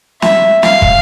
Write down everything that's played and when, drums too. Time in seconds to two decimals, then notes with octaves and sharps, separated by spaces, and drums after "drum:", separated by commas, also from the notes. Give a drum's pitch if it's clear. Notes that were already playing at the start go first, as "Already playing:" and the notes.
0.22 E5, drum: snare
0.63 F5, drum: snare
0.82 drum: kick